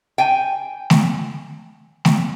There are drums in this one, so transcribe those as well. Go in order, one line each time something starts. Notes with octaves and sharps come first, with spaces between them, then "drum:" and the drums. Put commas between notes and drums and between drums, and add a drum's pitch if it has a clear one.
G5 G#5
drum: snare A3
drum: snare A3